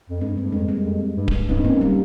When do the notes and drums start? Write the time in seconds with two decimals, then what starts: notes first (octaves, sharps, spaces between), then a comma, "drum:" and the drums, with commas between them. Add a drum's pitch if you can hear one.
0.10 F2
0.21 G2 G#3 C4
0.37 G3 A#3
0.45 G2
0.52 F2 G#3
0.68 G3 A#3
0.85 F2
1.16 G2
1.28 drum: kick D1
1.49 G2 C4 D#4
1.65 A#3 C#4
1.81 G3